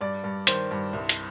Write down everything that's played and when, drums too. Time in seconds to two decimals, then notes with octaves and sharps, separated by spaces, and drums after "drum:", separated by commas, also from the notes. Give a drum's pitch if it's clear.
0.01 G2 D5
0.24 G2
0.47 D#3 C5, drum: hi-hat
0.71 G2
0.93 C2
1.09 drum: hi-hat